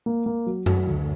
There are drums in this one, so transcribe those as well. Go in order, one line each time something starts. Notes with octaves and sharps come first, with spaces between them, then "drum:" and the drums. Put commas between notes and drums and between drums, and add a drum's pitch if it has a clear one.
A#3
A#3
F#3
F#3, drum: tom F#2
D2